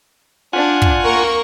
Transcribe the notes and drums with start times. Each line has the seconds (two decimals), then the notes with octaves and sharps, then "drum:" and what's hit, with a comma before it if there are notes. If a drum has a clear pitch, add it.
0.53 D4 F4 F#5 G#5
0.82 drum: kick
1.03 A#3 A#4 C#6